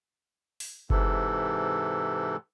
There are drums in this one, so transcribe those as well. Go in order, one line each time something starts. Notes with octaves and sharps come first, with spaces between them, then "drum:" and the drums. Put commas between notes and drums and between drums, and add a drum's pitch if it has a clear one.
drum: open hi-hat
G#2 C3 E3 A4, drum: kick F#1